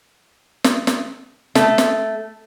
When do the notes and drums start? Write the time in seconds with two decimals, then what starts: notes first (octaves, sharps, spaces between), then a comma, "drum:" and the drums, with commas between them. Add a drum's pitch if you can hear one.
0.64 drum: snare
0.87 drum: snare
1.55 A3, drum: snare
1.78 drum: snare